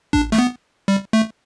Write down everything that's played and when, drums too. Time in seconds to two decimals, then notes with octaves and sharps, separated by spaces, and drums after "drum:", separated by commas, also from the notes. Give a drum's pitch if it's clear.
0.13 D4, drum: kick A1
0.32 A3, drum: snare
0.38 B3
0.88 G3
1.13 A3